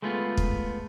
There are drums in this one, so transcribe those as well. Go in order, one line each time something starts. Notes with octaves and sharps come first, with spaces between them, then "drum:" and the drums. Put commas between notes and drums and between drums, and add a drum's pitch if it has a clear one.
G#3 A3 B3 F4
drum: kick